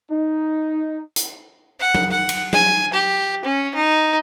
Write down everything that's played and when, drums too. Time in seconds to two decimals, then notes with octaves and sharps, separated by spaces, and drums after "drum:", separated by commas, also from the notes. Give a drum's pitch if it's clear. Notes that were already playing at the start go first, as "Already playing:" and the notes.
0.11 D#4
1.16 drum: hi-hat
1.80 F#5
1.95 drum: tom F#3
2.11 F#5
2.29 drum: cymbal
2.53 G#5, drum: tom F#3
2.94 G4
3.45 C#4
3.74 D#4